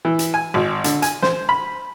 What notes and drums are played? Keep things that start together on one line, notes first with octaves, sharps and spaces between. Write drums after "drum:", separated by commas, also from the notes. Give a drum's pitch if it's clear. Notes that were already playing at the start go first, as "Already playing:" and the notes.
E3
drum: hi-hat
G#5
G#1
D3, drum: hi-hat
G#5, drum: hi-hat
C5, drum: snare
B5